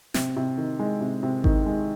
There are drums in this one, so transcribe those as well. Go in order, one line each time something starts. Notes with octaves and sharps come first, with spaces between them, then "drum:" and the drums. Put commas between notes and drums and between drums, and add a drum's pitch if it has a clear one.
C3, drum: snare
C3
D#3
G#3
C3
C3
D#3, drum: kick G#1
G#3